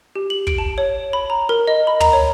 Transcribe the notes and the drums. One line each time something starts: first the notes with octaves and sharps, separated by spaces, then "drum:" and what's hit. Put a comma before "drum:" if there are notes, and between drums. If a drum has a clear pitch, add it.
G4
F#7
D7, drum: kick
A5
C#5
B5
A#5
A#4
D#5
B5
A#5, drum: tom
C#5